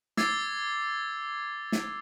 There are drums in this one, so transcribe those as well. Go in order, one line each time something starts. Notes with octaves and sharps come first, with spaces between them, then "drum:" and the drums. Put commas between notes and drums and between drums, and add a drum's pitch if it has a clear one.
D6 E6 G#6 A6 C7, drum: snare
drum: snare